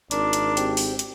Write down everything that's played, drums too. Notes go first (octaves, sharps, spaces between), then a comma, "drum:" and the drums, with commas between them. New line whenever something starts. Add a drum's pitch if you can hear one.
G#1 D4 A#4, drum: hi-hat
drum: hi-hat
C4 G4, drum: hi-hat
drum: open hi-hat
drum: hi-hat